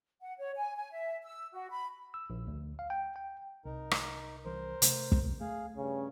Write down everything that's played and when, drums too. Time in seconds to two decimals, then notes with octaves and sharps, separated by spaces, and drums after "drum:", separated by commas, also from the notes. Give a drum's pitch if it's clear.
0.21 F#5
0.38 C#5
0.56 G#5
0.76 G#5
0.92 E5
1.23 E6
1.54 F#4
1.70 B5
2.14 E6
2.30 A#1
2.47 D2
2.79 F5
2.90 G5
3.16 G5
3.65 C2 D#4 A#4
3.91 drum: rim click
4.45 C2 E3 A#4 C5
4.82 C3 A3, drum: hi-hat
5.12 drum: kick
5.41 A3 G#4 F5
5.76 G2 C#3 C#4